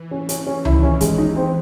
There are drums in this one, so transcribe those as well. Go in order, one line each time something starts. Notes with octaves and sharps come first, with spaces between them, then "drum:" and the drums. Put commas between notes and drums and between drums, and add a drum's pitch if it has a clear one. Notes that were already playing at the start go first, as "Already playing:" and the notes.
Already playing: E3
C#4
C#4, drum: hi-hat
C#4
D#3 E4, drum: tom C#2
C#4
E3 G#3, drum: kick, hi-hat
D#4
C4